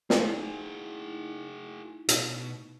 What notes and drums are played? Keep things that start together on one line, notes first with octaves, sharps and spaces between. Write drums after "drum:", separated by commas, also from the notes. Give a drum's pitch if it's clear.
A3 D#4 E4 F#4 G#4, drum: snare
B2, drum: hi-hat